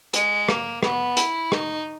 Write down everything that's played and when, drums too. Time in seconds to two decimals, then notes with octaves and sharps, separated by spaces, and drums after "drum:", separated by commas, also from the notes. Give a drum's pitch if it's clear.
0.14 G#3, drum: hi-hat
0.49 A#3, drum: rim click
0.83 B3, drum: rim click
1.17 E4, drum: hi-hat
1.52 D#4, drum: rim click